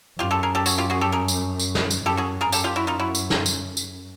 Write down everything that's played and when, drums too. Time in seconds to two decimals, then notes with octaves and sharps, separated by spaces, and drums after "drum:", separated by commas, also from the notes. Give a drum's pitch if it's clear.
0.19 F#2 F4 G4
0.31 G4 A4
0.43 G#4 A#4
0.55 G4 A4
0.66 F#4 G#4, drum: tambourine
0.78 F4 G4
0.90 F#4 G#4
1.01 G4 A4
1.12 G#4 A#4
1.28 drum: tambourine
1.59 drum: tambourine
1.75 drum: snare
1.90 drum: tambourine
2.06 F#2 G4 A4
2.17 F#4 G#4
2.41 G#4 A#4
2.52 F#2 G4 A4, drum: tambourine
2.64 F4 G4
2.76 E4 F#4
2.87 D#4 F4
3.00 E4 F#4
3.15 drum: tambourine
3.30 drum: snare
3.46 drum: tambourine
3.77 drum: tambourine